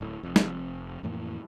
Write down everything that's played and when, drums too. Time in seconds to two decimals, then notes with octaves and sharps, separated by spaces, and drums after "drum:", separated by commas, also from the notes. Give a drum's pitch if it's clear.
0.01 D1 A2
0.23 F1 F2
0.36 drum: snare
1.03 F2 A2 E3 A#3